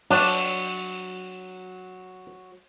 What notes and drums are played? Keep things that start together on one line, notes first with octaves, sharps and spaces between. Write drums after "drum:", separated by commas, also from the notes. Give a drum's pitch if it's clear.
F#3 D4, drum: open hi-hat